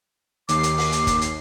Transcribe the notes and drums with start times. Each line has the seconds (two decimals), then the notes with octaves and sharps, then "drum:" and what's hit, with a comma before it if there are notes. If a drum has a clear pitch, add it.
0.49 D#2 D6 C7, drum: hi-hat
0.63 drum: hi-hat
0.78 drum: open hi-hat
0.92 drum: hi-hat
1.07 drum: kick, hi-hat
1.21 drum: hi-hat